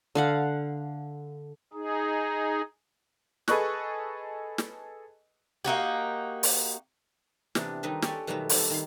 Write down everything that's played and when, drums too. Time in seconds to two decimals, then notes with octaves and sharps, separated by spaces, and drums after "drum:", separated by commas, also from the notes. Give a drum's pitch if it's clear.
0.15 D3 F5 F#5
1.73 D#4 G#4
3.48 G#4 A4 B4 D#5 C#6 F#6, drum: snare
4.58 drum: snare
5.64 A#3 D#4 F#4 G4
6.43 drum: open hi-hat
7.55 C3 E3 B3 C4 D4, drum: snare
7.83 D#3 G3 C4 D#4 B4
8.02 G4 A4 B4 C#5 D5 G#5, drum: snare
8.27 B2 D#3 F#3 G3 A3 B3
8.49 D#3 G3 C4 A4, drum: open hi-hat
8.70 D#3 C6